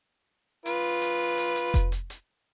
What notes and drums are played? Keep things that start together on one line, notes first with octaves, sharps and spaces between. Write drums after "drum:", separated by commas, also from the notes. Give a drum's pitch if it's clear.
F4 B4, drum: hi-hat
drum: hi-hat
drum: hi-hat
drum: hi-hat
drum: kick F1, hi-hat
drum: hi-hat
drum: hi-hat